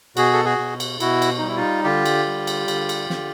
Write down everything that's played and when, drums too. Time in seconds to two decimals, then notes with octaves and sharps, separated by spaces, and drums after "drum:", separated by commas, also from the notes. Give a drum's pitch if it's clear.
0.17 B2 F#4 G#4, drum: cymbal
0.33 A4
0.45 F#4 G#4
0.59 B2
0.80 drum: cymbal
1.00 B2 E4 F#4, drum: cymbal
1.22 drum: cymbal
1.38 G3 D#4
1.48 E4
1.57 D#4 F4
1.84 D3 F4 G4
2.06 drum: cymbal
2.27 G3
2.47 drum: cymbal
2.68 D3, drum: cymbal
2.89 drum: cymbal
3.10 D3, drum: snare